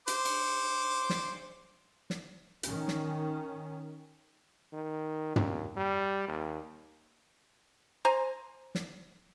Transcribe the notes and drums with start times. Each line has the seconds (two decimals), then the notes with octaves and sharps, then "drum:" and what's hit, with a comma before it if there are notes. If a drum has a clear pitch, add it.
0.08 C5 D6, drum: hi-hat
0.25 drum: cymbal
1.10 drum: snare
2.10 drum: snare
2.63 D#3 C#4, drum: hi-hat
2.88 drum: snare
4.73 D#3
5.36 D#2, drum: tom
5.77 G3
6.28 D#2
8.05 C5 G#5 A#5
8.75 drum: snare